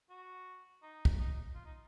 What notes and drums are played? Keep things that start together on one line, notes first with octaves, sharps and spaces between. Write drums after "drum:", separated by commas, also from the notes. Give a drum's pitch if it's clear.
F#4
D#4
drum: kick
D#4
F4
D#4